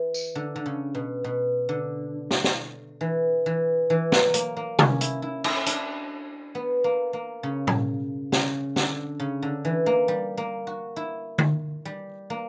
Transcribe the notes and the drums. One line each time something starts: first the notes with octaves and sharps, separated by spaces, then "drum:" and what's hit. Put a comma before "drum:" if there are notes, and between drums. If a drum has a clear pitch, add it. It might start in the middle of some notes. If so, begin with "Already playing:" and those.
Already playing: E3
drum: tambourine
D3
D3
C#3
B2
B2
D3
drum: snare
drum: snare
E3
E3
E3
F#3, drum: snare
A#3, drum: hi-hat
A#3
C#4, drum: tom C3
E4, drum: hi-hat
E4
E4, drum: cymbal
D4, drum: hi-hat
B3
A#3
A#3
C#3
drum: tom A2
C#3, drum: snare
D3, drum: snare
C#3
D3
E3
A#3
G3
A#3
F#4
E4
drum: tom D3
G3
A#3